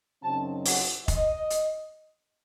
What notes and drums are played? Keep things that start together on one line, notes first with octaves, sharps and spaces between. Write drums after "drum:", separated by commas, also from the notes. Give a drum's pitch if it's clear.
F#2 C#3 F#3 C4 D#4 A5
F#5, drum: open hi-hat
D#5, drum: kick F1, hi-hat
drum: hi-hat